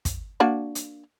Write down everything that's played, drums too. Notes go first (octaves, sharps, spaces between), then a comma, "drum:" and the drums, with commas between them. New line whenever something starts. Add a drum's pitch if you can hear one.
drum: kick, hi-hat
A#3 D4 F#4
drum: hi-hat